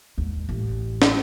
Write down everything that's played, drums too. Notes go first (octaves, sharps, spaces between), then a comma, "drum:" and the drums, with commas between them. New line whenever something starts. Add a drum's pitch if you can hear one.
D#2 G#2
A1
drum: snare